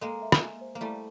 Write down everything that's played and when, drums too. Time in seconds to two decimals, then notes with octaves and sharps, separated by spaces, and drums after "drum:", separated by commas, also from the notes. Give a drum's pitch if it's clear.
0.01 G#3 A#3 A4
0.22 E5
0.32 drum: rim click
0.42 G#5
0.61 C5
0.75 A#3
0.81 G3 A3 E4